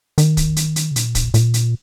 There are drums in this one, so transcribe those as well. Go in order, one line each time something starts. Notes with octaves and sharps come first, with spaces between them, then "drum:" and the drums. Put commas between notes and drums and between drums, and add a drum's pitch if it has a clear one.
D#3, drum: hi-hat
drum: kick, hi-hat
drum: hi-hat
drum: hi-hat
C#3
A#2, drum: hi-hat
drum: kick, hi-hat
A#2, drum: hi-hat
drum: hi-hat